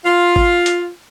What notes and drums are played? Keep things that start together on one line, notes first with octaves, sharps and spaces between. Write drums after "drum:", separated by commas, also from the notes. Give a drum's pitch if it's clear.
F4
drum: kick G#1
drum: hi-hat